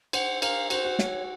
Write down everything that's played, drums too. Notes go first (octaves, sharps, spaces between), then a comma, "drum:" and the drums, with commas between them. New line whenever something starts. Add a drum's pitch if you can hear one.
C5 F#5, drum: cymbal
A#4 F5, drum: cymbal
F#4 C5, drum: cymbal
F#4
C#5, drum: snare